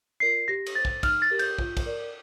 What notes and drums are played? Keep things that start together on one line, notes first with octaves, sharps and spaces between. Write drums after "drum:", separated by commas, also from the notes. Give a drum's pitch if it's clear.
F4 A#4 D5 C7
G4 A#6
drum: cymbal
C5 A6
drum: kick
D#4 F6, drum: kick, cymbal
A6
G4 A#4
G6, drum: cymbal
F4, drum: kick
drum: kick, cymbal
A#4 D5